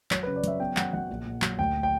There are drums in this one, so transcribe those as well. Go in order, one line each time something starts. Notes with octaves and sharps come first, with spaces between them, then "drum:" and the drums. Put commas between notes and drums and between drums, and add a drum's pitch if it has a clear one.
F#3 C#5, drum: clap
B4
C#3
D5
F#3 E5, drum: hi-hat
B3 G5
F#3 F#5, drum: clap
F#3 F#5
A#1
A#1
F#3, drum: clap
D2 G5
G5